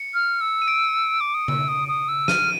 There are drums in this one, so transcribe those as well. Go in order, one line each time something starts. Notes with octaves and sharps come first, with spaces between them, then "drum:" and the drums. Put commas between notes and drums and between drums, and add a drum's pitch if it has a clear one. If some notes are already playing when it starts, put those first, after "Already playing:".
Already playing: C#7
F6
E6
D#7
D7
D6
D#6
E6, drum: tom C#3
D#6
D#6
E6
F6 D#7, drum: snare